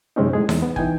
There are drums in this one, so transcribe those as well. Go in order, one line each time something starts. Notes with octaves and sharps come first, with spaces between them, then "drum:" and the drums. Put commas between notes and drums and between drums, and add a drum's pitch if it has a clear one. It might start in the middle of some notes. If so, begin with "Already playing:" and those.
F#2 C3 G#3 C4 C#4 D#4
A2 G#3 G#4
E2, drum: snare D#4
B3
E3 D#4 G5 G#5, drum: kick